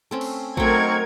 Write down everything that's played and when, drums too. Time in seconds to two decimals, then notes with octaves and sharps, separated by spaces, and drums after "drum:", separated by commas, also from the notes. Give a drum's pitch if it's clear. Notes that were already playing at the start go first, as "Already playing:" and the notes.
0.11 A3 C4 C#4
0.21 drum: cymbal
0.57 F#3 A3 C4 D#4 A#4 G5 C#6 G#6, drum: kick A1